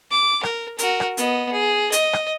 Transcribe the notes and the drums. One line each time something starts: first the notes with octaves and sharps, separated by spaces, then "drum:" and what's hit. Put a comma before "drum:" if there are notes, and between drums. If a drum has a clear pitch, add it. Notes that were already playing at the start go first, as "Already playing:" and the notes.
D6
A#4, drum: rim click
F#4 A#4, drum: hi-hat
drum: rim click
B3 D#5, drum: hi-hat
G#4
D#5, drum: hi-hat
drum: rim click